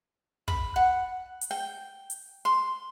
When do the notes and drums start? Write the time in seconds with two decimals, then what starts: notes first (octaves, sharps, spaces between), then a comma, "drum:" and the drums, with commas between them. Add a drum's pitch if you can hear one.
0.48 B5, drum: kick
0.76 F#5
1.41 drum: hi-hat
1.51 G5
2.10 drum: hi-hat
2.45 C6